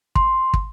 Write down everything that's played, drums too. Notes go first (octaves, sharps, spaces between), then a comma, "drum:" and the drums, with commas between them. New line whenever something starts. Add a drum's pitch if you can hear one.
C6, drum: kick
drum: kick